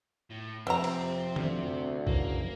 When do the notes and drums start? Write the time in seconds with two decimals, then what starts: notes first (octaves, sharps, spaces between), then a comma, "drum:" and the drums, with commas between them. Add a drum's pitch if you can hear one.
0.30 A2
0.67 F2 C3 C4 E5 A#5
0.84 drum: cymbal
1.36 D2 C3, drum: tom
2.07 F#2 C#3 E3 A#3, drum: kick